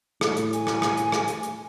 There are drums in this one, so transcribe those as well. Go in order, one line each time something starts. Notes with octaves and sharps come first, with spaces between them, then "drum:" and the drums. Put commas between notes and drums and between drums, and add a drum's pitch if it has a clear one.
A2, drum: rim click
drum: hi-hat
G#5, drum: hi-hat
drum: rim click
drum: rim click
drum: hi-hat
drum: rim click
drum: hi-hat
drum: hi-hat